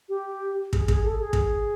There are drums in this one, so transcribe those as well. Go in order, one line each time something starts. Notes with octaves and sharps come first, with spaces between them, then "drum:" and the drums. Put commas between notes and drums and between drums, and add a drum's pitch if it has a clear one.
G4
G#4, drum: kick
G#4, drum: kick
A4
G#4
drum: kick